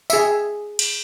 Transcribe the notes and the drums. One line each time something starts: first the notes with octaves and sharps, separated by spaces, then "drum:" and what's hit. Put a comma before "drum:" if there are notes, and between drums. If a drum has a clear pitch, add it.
G#4 E5, drum: tambourine
drum: cymbal